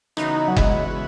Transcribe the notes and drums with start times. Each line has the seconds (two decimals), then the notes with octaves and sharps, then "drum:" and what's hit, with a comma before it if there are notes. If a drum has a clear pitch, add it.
0.17 C#3 E3 B3 D#4 F#4, drum: rim click
0.48 F#3
0.57 G#3, drum: kick F#1